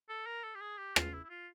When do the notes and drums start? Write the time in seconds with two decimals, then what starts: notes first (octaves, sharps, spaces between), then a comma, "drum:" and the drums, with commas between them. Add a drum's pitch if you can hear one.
0.09 A4
0.26 A#4
0.44 A4
0.55 G4
0.61 G#4
0.78 G4
0.96 F4, drum: rim click
1.13 E4
1.24 E4
1.30 F4